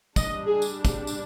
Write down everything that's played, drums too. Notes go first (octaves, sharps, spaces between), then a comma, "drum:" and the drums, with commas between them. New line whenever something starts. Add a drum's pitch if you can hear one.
G3 D4 D#5, drum: kick, tambourine
G#4
drum: tambourine
drum: kick, tambourine
drum: tambourine